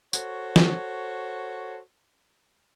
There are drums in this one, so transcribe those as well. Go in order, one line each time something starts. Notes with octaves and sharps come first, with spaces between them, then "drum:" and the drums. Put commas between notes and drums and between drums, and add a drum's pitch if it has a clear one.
F#4 A4 C5 C#5, drum: tambourine
drum: snare